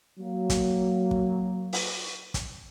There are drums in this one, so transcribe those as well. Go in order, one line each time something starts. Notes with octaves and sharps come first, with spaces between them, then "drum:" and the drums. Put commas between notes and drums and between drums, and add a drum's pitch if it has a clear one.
F#3 A#3
drum: kick, hi-hat
drum: kick
drum: open hi-hat
drum: kick, hi-hat